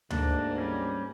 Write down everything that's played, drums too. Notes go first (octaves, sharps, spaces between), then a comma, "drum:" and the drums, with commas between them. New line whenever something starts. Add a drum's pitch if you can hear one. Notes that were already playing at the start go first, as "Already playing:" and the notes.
D2 G#2 A#3 D4, drum: tom D2
G3 C#4